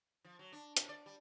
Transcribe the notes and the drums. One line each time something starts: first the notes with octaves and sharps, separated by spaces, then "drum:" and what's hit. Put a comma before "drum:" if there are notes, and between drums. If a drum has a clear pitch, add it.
F3
F#3
D4
A#2, drum: hi-hat
D5
G3